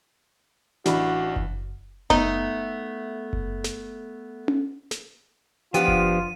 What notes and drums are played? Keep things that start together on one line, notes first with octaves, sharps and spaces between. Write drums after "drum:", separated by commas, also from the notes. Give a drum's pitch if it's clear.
A1 E3 D4 F#4 B5, drum: snare
drum: kick F#1
A3 B3 D#4, drum: kick F#1
drum: kick F#1
drum: snare
drum: tom C#4
drum: snare
F3 B3 D4 F4 G4 D#7, drum: hi-hat
drum: kick F#1